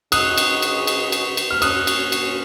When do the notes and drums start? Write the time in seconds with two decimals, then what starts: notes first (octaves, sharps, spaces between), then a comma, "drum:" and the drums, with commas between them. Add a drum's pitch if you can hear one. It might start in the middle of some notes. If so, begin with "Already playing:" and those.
0.12 C#3 G#3 D#4 F#4 D#6 F#6, drum: cymbal
0.38 drum: cymbal
0.62 drum: cymbal
0.87 drum: cymbal
1.12 drum: cymbal
1.37 drum: cymbal
1.51 F6
1.62 A#2 F#3 C#4 F#4 D#6 F#6, drum: cymbal
1.87 drum: cymbal
2.12 drum: cymbal